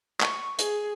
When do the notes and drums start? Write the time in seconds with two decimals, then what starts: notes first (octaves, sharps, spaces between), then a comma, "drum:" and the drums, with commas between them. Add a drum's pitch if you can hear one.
0.21 C#6, drum: clap
0.59 G#4, drum: hi-hat